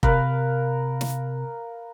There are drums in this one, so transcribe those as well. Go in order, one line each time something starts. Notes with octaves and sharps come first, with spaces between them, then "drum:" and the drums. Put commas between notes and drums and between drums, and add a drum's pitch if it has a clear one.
C3 A#4 B4 F5, drum: kick F1
drum: snare